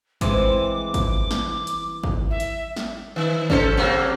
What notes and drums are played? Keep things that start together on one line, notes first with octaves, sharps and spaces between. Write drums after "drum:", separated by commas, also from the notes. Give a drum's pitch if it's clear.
E3 G#3 C4 D6, drum: kick G#1, hi-hat
drum: kick G#1, hi-hat
drum: snare
drum: hi-hat
drum: kick G#1
E5
drum: hi-hat
drum: snare
D#3
C#4 A4 C5, drum: kick G#1
C3 F#3 A#3